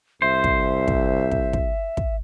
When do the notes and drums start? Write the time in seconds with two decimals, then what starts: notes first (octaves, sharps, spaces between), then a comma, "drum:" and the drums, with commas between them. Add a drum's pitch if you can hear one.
0.22 C2 C5 E5
0.44 drum: kick
0.88 drum: kick
1.31 drum: kick
1.53 drum: kick
1.97 drum: kick